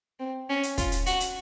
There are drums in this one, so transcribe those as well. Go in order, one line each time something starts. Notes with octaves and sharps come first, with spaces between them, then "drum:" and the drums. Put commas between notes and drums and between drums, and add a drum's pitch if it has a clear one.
C4
C#4
drum: hi-hat
F4, drum: kick, hi-hat
drum: hi-hat
F#4, drum: hi-hat
drum: hi-hat